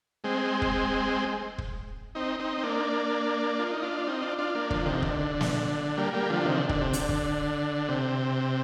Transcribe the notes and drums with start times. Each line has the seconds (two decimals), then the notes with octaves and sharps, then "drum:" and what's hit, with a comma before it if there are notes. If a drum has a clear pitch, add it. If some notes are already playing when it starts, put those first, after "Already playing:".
0.24 G#3 C4
0.62 drum: kick
1.58 drum: kick
2.15 C4 D#4
2.40 C4 D#4
2.58 C4
2.63 A#3 D4
3.59 F4
3.71 D#4
3.83 D4 F4
4.07 C4 D#4
4.22 D4 F4
4.38 D4 F4
4.55 A#3 D4
4.70 D3 F3, drum: kick
4.86 C3 D#3
5.02 D3, drum: kick
5.41 drum: snare
5.97 G3 A#3
6.13 G3 A#3
6.30 D3 F3
6.45 C3 D#3
6.57 D3
6.69 D3, drum: kick
6.81 C3
6.93 D3, drum: hi-hat
7.09 drum: kick
7.89 C3